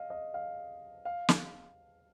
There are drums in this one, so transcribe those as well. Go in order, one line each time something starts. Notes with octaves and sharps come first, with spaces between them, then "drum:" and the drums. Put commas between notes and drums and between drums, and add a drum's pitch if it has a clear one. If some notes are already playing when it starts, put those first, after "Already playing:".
Already playing: D#5 F5
D#5
F5
F5
F5, drum: snare